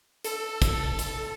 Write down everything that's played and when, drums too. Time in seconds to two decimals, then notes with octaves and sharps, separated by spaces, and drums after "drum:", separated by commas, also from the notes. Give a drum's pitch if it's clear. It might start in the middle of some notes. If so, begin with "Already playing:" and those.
0.24 A4, drum: hi-hat
0.62 drum: kick, hi-hat
0.99 drum: hi-hat